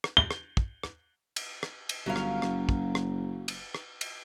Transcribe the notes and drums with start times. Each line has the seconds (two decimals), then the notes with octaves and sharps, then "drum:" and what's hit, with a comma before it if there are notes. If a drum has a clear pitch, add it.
0.04 drum: rim click
0.17 G7
0.31 drum: rim click
0.57 drum: kick
0.83 drum: rim click
1.36 drum: cymbal
1.63 drum: rim click
1.89 drum: cymbal
2.06 G1 F#3 C#4 F5
2.16 drum: rim click
2.42 F#1, drum: rim click
2.69 drum: kick
2.95 drum: rim click
3.48 drum: cymbal
3.75 drum: rim click
4.01 drum: cymbal